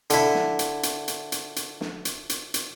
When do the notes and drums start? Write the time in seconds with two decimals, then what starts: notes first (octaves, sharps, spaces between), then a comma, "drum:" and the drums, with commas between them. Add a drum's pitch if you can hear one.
0.10 D3 E4, drum: hi-hat
0.35 drum: snare
0.59 drum: hi-hat
0.83 drum: hi-hat
1.08 drum: hi-hat
1.32 drum: hi-hat
1.56 drum: hi-hat
1.81 drum: snare
2.05 drum: hi-hat
2.29 drum: hi-hat
2.54 drum: hi-hat